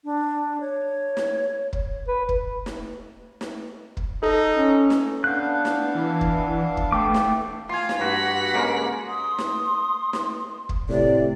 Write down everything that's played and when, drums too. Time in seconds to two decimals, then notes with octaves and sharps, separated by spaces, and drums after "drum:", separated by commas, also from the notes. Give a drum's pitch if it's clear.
0.04 D4
0.61 C#5
1.17 drum: snare
1.73 drum: kick
2.08 B4
2.29 drum: kick
2.66 drum: snare
3.41 drum: snare
3.97 drum: kick
4.23 D#4 A4
4.57 C#4
4.90 drum: snare
5.24 B3 D4 F5 F#6 G6
5.65 drum: snare
5.95 E3
6.21 drum: kick
6.77 drum: kick
6.92 A3 G5 D6
7.14 drum: snare
7.69 F4 F5 G#5 C6
7.89 drum: snare
7.99 G2 F#4 F#5 B6
8.53 C#3 G#3 A#3
9.07 C6 D#6
9.38 drum: snare
10.13 drum: snare
10.69 drum: kick
10.89 A2 C3 D5